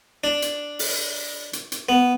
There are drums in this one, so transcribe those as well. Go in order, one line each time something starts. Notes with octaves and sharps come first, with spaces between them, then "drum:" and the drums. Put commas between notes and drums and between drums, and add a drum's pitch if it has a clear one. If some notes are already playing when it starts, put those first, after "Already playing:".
D4
drum: hi-hat
drum: open hi-hat
drum: hi-hat
drum: hi-hat
B3